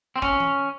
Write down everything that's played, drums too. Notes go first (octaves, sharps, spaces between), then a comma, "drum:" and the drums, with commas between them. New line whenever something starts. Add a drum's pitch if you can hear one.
C4
C#4, drum: kick
drum: tom E3